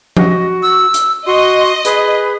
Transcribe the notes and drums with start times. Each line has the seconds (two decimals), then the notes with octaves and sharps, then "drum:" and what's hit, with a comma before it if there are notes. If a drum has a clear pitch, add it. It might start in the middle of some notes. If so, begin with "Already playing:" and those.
0.17 F#4 D#5, drum: tom F3
0.63 E6
0.94 drum: hi-hat
1.26 F#4 D#5 C6
1.85 G#4 B4, drum: hi-hat